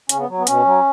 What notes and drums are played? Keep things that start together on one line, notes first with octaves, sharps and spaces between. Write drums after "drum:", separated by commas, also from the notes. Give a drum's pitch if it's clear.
C#3 C#4, drum: hi-hat
B3
F#3
B3
B2 C#4, drum: hi-hat
F#3